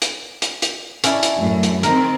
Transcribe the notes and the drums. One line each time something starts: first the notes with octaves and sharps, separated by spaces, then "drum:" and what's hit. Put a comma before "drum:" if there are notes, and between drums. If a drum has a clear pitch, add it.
drum: hi-hat
drum: hi-hat
drum: hi-hat
C#4 D4 E4, drum: hi-hat
drum: hi-hat
F#2 A2
drum: hi-hat
D#3 C4 A#4, drum: hi-hat